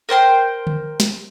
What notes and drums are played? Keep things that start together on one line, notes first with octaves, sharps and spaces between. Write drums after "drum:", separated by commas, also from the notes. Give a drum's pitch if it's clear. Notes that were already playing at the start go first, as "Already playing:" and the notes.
A#4 C5 G5 C6
drum: tom D3
drum: snare